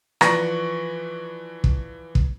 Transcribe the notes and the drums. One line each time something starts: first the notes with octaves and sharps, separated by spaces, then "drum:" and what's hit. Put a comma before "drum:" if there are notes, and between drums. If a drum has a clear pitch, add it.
E3 F3 B4 D5 C#6 A#6, drum: rim click
drum: kick
drum: kick